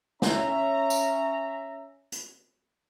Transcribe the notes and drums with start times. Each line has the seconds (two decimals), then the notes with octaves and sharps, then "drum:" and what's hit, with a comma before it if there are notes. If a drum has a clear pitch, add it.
0.22 C#4 E5 A#5, drum: snare
0.90 drum: tambourine
2.12 drum: hi-hat